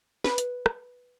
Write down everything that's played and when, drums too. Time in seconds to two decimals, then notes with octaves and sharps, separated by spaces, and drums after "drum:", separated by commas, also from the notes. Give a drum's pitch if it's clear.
0.24 B4, drum: snare
0.38 drum: hi-hat
0.66 drum: rim click